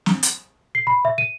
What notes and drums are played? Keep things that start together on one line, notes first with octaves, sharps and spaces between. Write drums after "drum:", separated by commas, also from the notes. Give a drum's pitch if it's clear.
drum: snare
drum: hi-hat
C7
B5
E5
D#7